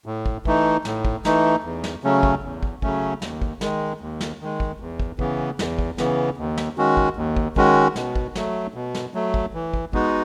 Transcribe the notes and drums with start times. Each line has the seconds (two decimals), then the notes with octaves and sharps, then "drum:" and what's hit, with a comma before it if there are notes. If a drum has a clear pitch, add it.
0.06 A2
0.26 drum: kick
0.45 E3 A3 D#4, drum: kick
0.85 A2, drum: snare
1.05 drum: kick
1.25 E3 A3 D#4, drum: snare
1.64 E2
1.84 drum: snare
2.03 C#3 F#3 A3 C#4
2.23 drum: kick
2.43 E2
2.63 drum: kick
2.82 C#3 F#3 A3 C#4, drum: kick
3.22 D#2, drum: snare
3.42 drum: kick
3.61 D#3 G#3, drum: snare
4.01 D#2
4.21 drum: snare
4.41 D#3 G#3
4.60 drum: kick
4.80 E2
5.00 drum: kick
5.19 C#3 E3 B3, drum: kick
5.59 E2, drum: snare
5.79 drum: kick
5.98 C#3 E3 B3, drum: snare
6.37 D#2
6.58 drum: snare
6.77 D#3 G#3 C#4 F#4
6.97 drum: kick
7.17 D#2
7.37 drum: kick
7.56 D#3 G#3 C#4 F#4, drum: kick
7.96 B2, drum: snare
8.16 drum: kick
8.35 F#3 A3, drum: snare
8.74 B2
8.95 drum: snare
9.14 F#3 A3
9.34 drum: kick
9.54 E3
9.73 drum: kick
9.93 G#3 B3 D#4 F#4, drum: kick